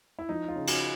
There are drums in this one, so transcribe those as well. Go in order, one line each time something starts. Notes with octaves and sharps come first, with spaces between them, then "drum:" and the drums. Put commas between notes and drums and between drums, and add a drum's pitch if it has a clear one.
E4
F3 D#4
F4
C#3
F#4, drum: cymbal